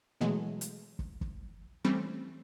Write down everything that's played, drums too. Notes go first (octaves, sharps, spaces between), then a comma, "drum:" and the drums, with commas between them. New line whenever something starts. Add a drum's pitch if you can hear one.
B2 E3 F#3 G#3 A3
drum: hi-hat
drum: kick
drum: kick
E3 G3 A3 C4 C#4